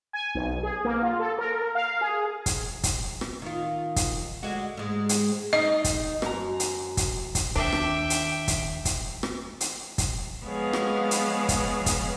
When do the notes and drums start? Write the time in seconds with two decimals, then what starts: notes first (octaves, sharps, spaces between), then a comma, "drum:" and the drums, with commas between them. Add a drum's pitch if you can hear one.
0.13 G#5
0.35 B1
0.63 G#4
0.85 A#3
1.02 F4
1.19 A4
1.38 A#4
1.75 F5
2.01 G#4
2.46 drum: kick, hi-hat
2.84 drum: kick, hi-hat
3.21 drum: rim click
3.42 D#3 F4
3.96 drum: kick, hi-hat
4.43 D3 G#3 F#4
4.77 G#2 G#3
5.09 drum: hi-hat
5.53 D#4 D#5
5.84 drum: kick, hi-hat
6.22 F#2 A#5, drum: rim click
6.60 drum: hi-hat
6.97 drum: kick, hi-hat
7.35 drum: kick, hi-hat
7.56 D#2 D4 E5 G5
7.72 drum: rim click
8.10 drum: hi-hat
8.48 drum: kick, hi-hat
8.85 drum: kick, hi-hat
9.23 drum: rim click
9.61 drum: hi-hat
9.98 drum: kick, hi-hat
10.44 F3 G#3 B3 G#4 C#5 F5
10.73 drum: rim click
11.11 drum: hi-hat
11.49 drum: kick, hi-hat
11.86 drum: kick, hi-hat